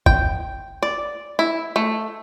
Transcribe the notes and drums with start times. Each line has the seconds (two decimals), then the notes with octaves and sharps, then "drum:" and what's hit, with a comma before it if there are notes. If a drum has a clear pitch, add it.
0.06 G5, drum: kick
0.83 D5
1.39 E4
1.76 A3